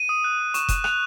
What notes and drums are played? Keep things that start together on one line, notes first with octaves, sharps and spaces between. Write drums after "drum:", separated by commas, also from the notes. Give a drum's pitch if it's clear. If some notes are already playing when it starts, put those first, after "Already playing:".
Already playing: D#7
D#6
F#6
D#6
C#6 E7, drum: hi-hat
F#6, drum: kick F1, hi-hat
F#6 F7, drum: rim click